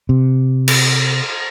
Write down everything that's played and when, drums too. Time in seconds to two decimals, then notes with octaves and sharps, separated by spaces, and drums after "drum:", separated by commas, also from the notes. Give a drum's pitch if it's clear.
0.09 C3
0.68 drum: cymbal